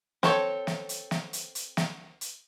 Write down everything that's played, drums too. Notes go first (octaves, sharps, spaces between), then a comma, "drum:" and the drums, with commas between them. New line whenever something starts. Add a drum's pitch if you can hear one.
C4 A4 C#5, drum: snare
drum: snare
drum: hi-hat
drum: snare
drum: hi-hat
drum: hi-hat
drum: snare
drum: hi-hat